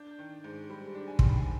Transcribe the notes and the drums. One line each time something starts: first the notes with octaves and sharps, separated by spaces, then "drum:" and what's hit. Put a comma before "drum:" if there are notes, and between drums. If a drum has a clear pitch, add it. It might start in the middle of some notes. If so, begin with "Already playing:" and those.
Already playing: D4 G6
D#3
G#2
G3 B5
D4
G#5
D#3 C6, drum: kick
B5
G#5